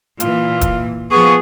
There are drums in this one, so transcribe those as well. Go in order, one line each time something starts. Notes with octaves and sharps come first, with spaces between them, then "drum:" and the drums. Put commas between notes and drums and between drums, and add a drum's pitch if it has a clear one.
A#2 E3 F4, drum: hi-hat
drum: kick E1, hi-hat
F3 B3 G#4 C#6